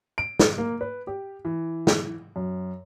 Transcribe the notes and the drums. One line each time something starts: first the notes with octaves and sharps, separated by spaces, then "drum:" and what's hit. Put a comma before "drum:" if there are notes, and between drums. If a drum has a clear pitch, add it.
D7
drum: snare
A#3
B4
G4
E3
drum: snare
F#2